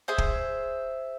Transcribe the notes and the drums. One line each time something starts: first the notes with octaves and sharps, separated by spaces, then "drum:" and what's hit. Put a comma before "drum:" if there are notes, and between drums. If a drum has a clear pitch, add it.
G#4 C5 E5 G#5
drum: kick